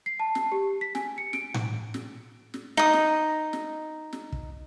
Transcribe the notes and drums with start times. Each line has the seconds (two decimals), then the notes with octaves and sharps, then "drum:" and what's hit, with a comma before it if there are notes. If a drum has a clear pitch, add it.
0.06 C7
0.20 A5
0.35 drum: snare
0.52 G4
0.81 B6
0.95 G#5, drum: snare
1.18 C#7
1.33 D7, drum: snare
1.54 drum: tom A2
1.94 drum: snare
2.54 drum: snare
2.77 D#4 D#6
2.93 drum: snare
3.53 drum: snare
4.13 drum: snare
4.32 drum: kick